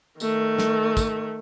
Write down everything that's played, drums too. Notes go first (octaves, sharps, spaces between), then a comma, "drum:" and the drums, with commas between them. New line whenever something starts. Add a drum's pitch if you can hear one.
D#3 A3, drum: tambourine
drum: snare
drum: kick, tambourine